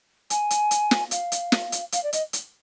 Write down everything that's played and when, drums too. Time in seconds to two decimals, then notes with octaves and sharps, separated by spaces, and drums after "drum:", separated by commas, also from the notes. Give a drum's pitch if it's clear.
0.30 G#5, drum: hi-hat
0.50 drum: hi-hat
0.71 drum: hi-hat
0.91 drum: snare
1.11 F5, drum: hi-hat
1.32 drum: hi-hat
1.52 drum: snare
1.72 drum: hi-hat
1.92 F5, drum: hi-hat
2.03 D5
2.13 D#5, drum: hi-hat
2.33 drum: hi-hat